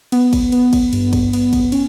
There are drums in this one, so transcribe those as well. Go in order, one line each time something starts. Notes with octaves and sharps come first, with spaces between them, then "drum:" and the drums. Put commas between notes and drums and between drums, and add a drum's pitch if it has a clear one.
B3, drum: cymbal
drum: kick, cymbal
B3, drum: cymbal
drum: kick, cymbal
G2, drum: cymbal
drum: kick, cymbal
B3, drum: cymbal
drum: kick, cymbal
C#4, drum: cymbal